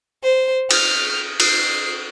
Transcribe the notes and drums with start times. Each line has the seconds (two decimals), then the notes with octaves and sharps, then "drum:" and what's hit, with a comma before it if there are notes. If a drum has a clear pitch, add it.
0.23 C5
0.71 F6, drum: cymbal
1.40 C7, drum: cymbal